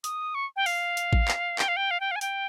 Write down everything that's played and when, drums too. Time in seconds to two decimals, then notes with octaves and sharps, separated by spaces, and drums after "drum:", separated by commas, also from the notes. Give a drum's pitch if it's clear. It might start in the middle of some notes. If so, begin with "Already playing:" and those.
0.04 D#6, drum: hi-hat
0.35 C#6
0.56 G5
0.66 F5, drum: open hi-hat
0.97 drum: hi-hat
1.13 drum: kick A1
1.28 drum: clap
1.59 G5, drum: clap
1.68 F5
1.77 G5
1.91 F5
2.00 G5
2.11 F5
2.16 G#5
2.21 G5, drum: hi-hat